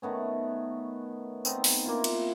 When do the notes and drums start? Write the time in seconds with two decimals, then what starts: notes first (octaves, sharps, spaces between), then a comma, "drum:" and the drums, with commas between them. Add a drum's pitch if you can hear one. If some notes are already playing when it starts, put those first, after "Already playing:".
0.02 D#3 A3 B3 C#4
1.45 B3 C4 D#4, drum: tambourine
1.64 drum: open hi-hat
1.85 A#3 E4 F4
2.04 drum: cymbal